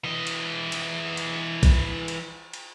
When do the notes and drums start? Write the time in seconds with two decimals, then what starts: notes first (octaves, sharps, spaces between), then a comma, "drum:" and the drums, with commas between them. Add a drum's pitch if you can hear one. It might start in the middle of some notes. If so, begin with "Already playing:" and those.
0.04 E3 D#5
0.27 drum: cymbal
0.72 drum: cymbal
1.17 drum: cymbal
1.63 drum: kick, cymbal
2.08 drum: cymbal
2.54 drum: cymbal